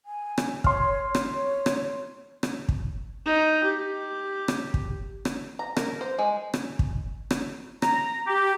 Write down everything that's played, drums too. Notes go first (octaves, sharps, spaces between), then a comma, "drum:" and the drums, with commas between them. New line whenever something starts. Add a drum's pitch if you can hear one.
G#5
drum: rim click
C#5 C6 F6, drum: kick
drum: rim click
C#5
drum: rim click
drum: rim click
drum: kick
D#4
G4
drum: rim click
drum: kick
drum: rim click
A#5
A#4, drum: rim click
C5
G#3
drum: rim click
drum: kick
drum: rim click
A#5, drum: rim click
G4